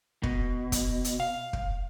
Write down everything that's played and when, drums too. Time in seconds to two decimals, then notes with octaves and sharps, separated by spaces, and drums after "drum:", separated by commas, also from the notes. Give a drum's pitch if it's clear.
0.23 B2, drum: kick
0.72 drum: kick, hi-hat
1.04 drum: hi-hat
1.20 F5
1.53 drum: kick